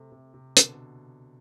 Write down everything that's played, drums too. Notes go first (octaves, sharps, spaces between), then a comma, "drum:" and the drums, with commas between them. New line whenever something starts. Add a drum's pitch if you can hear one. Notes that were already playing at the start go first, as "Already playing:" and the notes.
Already playing: C3 A3
C3
C3
B2 D3, drum: hi-hat